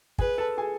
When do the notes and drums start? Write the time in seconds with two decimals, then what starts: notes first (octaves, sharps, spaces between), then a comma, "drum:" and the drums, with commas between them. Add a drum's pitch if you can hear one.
0.18 G#4 B4 G#5, drum: kick
0.38 A4 A5
0.58 G#4 G#5